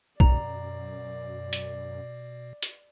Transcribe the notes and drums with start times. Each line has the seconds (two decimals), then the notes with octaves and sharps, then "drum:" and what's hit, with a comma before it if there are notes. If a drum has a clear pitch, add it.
0.20 F#2 B2 D5 A#5, drum: kick B1
1.53 drum: hi-hat
2.63 drum: hi-hat